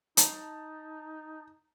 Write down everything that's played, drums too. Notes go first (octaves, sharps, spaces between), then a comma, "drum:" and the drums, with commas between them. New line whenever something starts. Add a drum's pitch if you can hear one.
D#4 A5 A#5, drum: hi-hat